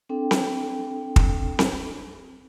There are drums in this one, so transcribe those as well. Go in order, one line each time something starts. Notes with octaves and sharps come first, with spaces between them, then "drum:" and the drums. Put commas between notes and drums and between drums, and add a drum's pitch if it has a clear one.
C4 D4 A4 G5
drum: snare C4
drum: kick
drum: snare C4